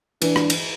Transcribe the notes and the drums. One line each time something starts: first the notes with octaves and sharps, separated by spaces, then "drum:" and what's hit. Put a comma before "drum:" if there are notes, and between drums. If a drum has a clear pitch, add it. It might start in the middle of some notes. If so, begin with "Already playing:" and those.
E3 D4, drum: cymbal
drum: rim click
drum: cymbal